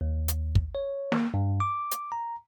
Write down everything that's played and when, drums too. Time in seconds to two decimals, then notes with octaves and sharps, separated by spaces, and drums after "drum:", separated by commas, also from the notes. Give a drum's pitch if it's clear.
0.01 D#2
0.28 drum: hi-hat
0.55 drum: kick
0.75 C#5
1.12 A#3, drum: snare
1.34 G2
1.60 D6
1.91 drum: hi-hat
2.12 A#5